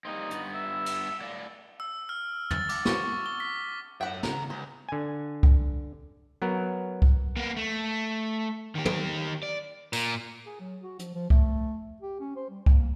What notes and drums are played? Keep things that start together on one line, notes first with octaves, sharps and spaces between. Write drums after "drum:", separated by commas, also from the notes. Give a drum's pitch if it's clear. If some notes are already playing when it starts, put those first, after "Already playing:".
G3 A#3 C4 D#4
G2 B3, drum: hi-hat
E5
drum: cymbal
A2 D5 F5
E6
F6
A6, drum: tom
D6, drum: cymbal
C#6, drum: snare
C#6
G7
B6
F#2 C#5 E5 F#5 G5
D#2 C#3 A#5, drum: snare
C#2 C5
D3 G#5
drum: kick C2
F#3 B3 A#4
drum: kick C2
A#3 B3
A3
D#3 G4
drum: tom
D5
A#2, drum: tambourine
G#4
F#3
F#4
F3, drum: hi-hat
F3
A3, drum: kick C2
G4
C#4
C5
G3
A#3, drum: kick C2